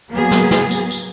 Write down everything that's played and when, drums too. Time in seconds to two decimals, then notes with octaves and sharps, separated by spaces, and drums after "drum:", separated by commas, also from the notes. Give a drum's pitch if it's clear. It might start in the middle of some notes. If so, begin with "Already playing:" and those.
0.11 F#3 A#3 B3 G#4
0.31 drum: snare
0.51 drum: snare
0.71 drum: tambourine
0.91 drum: tambourine